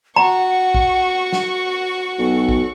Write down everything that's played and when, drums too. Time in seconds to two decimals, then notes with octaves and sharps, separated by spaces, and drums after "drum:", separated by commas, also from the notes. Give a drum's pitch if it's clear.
0.16 F#4 F#5 A#5 C#6
0.74 drum: kick
1.33 drum: snare
2.18 B1 A4
2.49 drum: kick